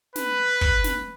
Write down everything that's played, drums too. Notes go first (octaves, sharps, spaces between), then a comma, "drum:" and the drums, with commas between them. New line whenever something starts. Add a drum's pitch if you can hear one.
B4, drum: snare
drum: kick
drum: snare